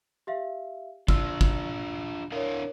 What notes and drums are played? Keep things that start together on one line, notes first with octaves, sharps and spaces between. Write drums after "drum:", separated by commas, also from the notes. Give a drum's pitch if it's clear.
G4 E5 F5
D4 F4 E6 F6, drum: kick
drum: kick
D4 E4 A#4 C#5 F5